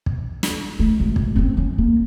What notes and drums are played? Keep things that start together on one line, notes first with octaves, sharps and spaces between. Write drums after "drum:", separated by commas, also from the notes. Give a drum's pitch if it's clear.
drum: kick
drum: snare
A3
G#1
drum: kick
C4 C#4
C#4
A#3